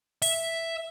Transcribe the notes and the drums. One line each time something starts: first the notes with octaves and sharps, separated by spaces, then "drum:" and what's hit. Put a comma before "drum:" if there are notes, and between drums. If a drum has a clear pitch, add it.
E5, drum: open hi-hat